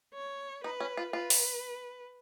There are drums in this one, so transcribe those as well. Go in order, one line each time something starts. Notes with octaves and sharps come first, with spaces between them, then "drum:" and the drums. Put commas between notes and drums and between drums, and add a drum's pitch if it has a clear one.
C#5
D#4 B4
C#4
F4
F4 B4
drum: open hi-hat